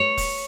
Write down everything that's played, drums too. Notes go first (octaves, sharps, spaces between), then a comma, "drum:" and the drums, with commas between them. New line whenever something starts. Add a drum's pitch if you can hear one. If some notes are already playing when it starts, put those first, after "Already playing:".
Already playing: C#5
drum: kick E1, open hi-hat